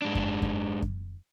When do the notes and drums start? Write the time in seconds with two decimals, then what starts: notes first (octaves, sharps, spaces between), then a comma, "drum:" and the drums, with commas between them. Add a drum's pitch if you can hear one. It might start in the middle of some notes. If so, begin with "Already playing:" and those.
0.02 G#2 D4
0.15 drum: kick F#2
0.42 drum: kick F#2
0.82 drum: kick F#2